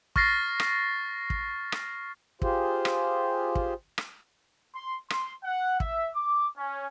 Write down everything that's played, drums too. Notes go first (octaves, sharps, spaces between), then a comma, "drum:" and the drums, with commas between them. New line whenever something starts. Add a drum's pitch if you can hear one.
C#6 F6 A6 A#6 C7, drum: kick
drum: rim click
drum: kick
drum: rim click
F4 G4 G#4 C5, drum: kick
drum: rim click
drum: kick
drum: rim click
C6
C6, drum: rim click
F#5
E5, drum: kick
D6
C#4